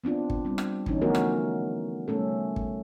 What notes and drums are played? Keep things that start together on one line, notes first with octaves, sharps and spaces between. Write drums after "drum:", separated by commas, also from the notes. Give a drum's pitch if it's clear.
B3 C4 D4 F4
drum: kick
G3 C4
drum: rim click
D3 E3 C#4 D#4, drum: kick
D3 F3 A3 B3 F#4 A#4
drum: rim click
C3 G3 A3 C#4 A4
drum: kick